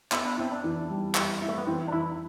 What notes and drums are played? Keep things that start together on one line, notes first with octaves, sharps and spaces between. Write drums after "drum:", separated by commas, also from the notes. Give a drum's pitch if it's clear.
B3 E4, drum: clap
D4
C4 E4
D4
E3
G3
E4, drum: clap
E4
A3
B3
E3 C4
D4
E3 E4